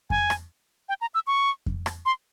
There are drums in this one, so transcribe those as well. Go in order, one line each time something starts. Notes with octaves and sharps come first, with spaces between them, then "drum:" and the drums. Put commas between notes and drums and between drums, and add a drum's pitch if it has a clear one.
G#5, drum: kick F2
drum: rim click
G5
A#5
E6
C#6
drum: kick F2
drum: rim click
C6